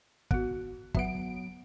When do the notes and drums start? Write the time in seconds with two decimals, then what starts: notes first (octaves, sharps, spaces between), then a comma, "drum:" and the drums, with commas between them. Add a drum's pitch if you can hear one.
0.31 B3 F#4, drum: kick
0.95 F#3 B3 E5 F#5 D7, drum: kick